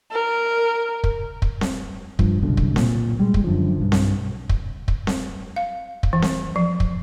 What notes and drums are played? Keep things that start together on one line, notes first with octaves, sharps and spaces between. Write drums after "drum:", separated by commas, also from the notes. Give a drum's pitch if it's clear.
A#4
drum: kick
drum: kick
drum: snare C4
G2 F3, drum: kick
C2 F#2 B2 D3
drum: kick
A#2, drum: snare C4
G3 G#3
drum: kick
F#2 D3 F3
B1 G2
drum: snare C4
drum: kick
drum: kick
drum: snare C4
F5
drum: kick
E3
drum: snare C4
F3
drum: kick